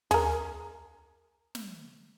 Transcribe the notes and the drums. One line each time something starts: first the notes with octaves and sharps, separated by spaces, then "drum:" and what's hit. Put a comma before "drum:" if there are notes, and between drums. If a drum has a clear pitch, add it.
G#4 A#4, drum: tom
drum: snare